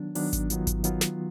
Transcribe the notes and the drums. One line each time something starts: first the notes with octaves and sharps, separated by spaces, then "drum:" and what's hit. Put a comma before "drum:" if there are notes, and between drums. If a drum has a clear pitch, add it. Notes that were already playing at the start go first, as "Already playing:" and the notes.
Already playing: D#3 F#3 B3 D4
D#3 F#3 B3 D4, drum: open hi-hat
drum: kick G#1, hi-hat
D#3 F#3 B3 F4, drum: hi-hat
drum: kick G#1, hi-hat
D#3 F#3 B3 F4, drum: hi-hat
drum: snare